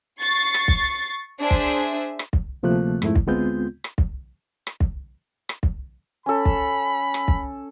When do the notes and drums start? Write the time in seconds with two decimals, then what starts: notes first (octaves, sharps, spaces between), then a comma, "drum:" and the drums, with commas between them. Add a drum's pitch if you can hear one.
0.21 C#6 A6 C7
0.54 drum: rim click
0.68 drum: kick
1.41 D4 G#4 C5 E5
1.51 drum: kick
2.19 drum: rim click
2.33 drum: kick
2.63 D2 C3 F3 A3 A#3 F#6
3.02 F2 G#2 A3 E4, drum: rim click
3.15 drum: kick
3.27 D2 G#3 B3 C4 F4 G6
3.84 drum: rim click
3.98 drum: kick
4.67 drum: rim click
4.80 drum: kick
5.49 drum: rim click
5.63 drum: kick
6.26 C#4 A4 B5
6.45 drum: kick
7.14 drum: rim click
7.28 drum: kick